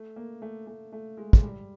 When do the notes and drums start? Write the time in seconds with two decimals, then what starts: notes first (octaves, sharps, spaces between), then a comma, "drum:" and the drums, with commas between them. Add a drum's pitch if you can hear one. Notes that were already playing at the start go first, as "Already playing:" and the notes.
Already playing: A3
0.16 A#3
0.42 A3
0.67 A3
0.92 A3
1.17 G#3
1.33 G#3, drum: kick
1.43 G3